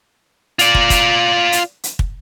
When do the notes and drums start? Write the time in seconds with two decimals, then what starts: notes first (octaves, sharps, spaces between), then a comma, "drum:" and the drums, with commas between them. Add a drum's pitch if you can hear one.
0.59 F4 D5, drum: hi-hat
0.75 drum: kick
0.90 drum: kick, hi-hat
1.52 drum: hi-hat
1.84 drum: hi-hat
1.99 drum: kick